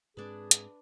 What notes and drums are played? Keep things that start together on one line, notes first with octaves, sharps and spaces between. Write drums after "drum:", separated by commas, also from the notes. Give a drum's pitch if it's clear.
G#2 G#3 C4 D4 G#4 B4
drum: hi-hat